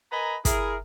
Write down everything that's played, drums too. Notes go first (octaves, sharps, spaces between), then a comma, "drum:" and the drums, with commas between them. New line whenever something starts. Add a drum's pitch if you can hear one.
A#4 B4 D#5 G#5 A#5 B5
E4 G#4 A#4, drum: kick, hi-hat